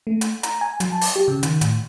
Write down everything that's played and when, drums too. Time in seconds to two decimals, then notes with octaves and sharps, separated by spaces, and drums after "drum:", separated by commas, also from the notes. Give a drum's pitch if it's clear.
0.07 A3
0.21 drum: hi-hat
0.43 A#5, drum: hi-hat
0.61 G#5
0.80 F#3, drum: hi-hat
0.92 A5
1.01 drum: open hi-hat
1.16 G4
1.28 C#3
1.43 D#3, drum: hi-hat
1.61 A2, drum: hi-hat